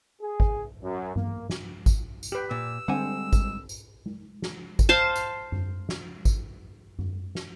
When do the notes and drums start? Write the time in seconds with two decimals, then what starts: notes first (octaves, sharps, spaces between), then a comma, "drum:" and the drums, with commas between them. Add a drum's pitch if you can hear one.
0.21 G#4
0.40 drum: kick G#1
0.83 F#2
1.16 A#3, drum: tom G2
1.50 drum: snare
1.86 drum: kick G#1, tambourine
2.23 drum: tambourine
2.32 G4 B4
2.51 A#2 E6
2.88 D3 G3 G#3 C4 F#5 G#5
3.33 drum: kick G#1, tambourine
3.69 drum: tambourine
4.06 drum: tom G#3
4.42 drum: snare
4.79 drum: kick G#1, tambourine
4.89 C5 F5 A5
5.16 drum: tambourine
5.52 drum: tom F#2
5.89 drum: snare
6.25 drum: kick G#1, tambourine
6.99 drum: tom F#2
7.35 drum: snare